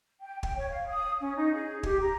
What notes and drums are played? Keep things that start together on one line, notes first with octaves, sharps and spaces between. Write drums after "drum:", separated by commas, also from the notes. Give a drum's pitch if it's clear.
G5
G5, drum: kick
C#5
F5
D#6
C#4
D#4
G#4
G4, drum: kick
A#5